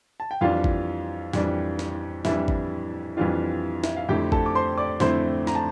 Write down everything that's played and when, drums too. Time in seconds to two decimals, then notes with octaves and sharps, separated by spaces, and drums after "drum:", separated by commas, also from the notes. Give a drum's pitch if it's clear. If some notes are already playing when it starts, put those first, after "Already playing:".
0.20 A5
0.31 G5
0.41 F2 E3 G3 D4 F4 F5
0.64 drum: kick G1
1.33 F2 E3 G3 D4, drum: snare
1.79 drum: snare
2.25 F2 E3 G3 D4 E4 E5, drum: snare
2.48 drum: kick G1
3.17 F2 E3 G3 D4 F4 F5
3.84 E5, drum: snare
3.97 F5
4.09 F2 D3 A3 C4 E4 G4 G5
4.32 A4 A5, drum: kick G1
4.46 D6
4.55 C5 C6
4.77 D5 D6
5.00 F2 D3 A3 C4 E4 C5 C6, drum: snare
5.47 A#5, drum: snare
5.55 A5